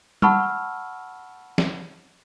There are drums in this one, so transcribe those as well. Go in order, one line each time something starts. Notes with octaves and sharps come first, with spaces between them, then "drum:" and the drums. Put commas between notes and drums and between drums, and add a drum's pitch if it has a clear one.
F#5 A5 B5 C#6 E6 F6, drum: tom G3
drum: snare